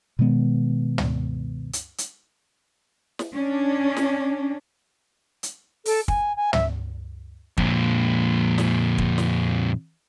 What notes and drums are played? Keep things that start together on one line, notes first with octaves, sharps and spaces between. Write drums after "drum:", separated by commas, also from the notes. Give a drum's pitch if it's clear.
B2 D#3 G#3 B3
drum: tom
drum: hi-hat
drum: hi-hat
drum: snare
C#4 D4
drum: snare
drum: hi-hat
A4, drum: open hi-hat
G#5, drum: kick
G#5
E5, drum: tom
F2 A#2, drum: kick
drum: snare
drum: kick
drum: snare